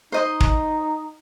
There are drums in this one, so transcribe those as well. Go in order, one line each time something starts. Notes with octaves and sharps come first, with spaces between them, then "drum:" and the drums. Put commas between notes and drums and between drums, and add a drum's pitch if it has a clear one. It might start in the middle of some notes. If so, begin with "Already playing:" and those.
D#4 C5 D#5 C6
drum: kick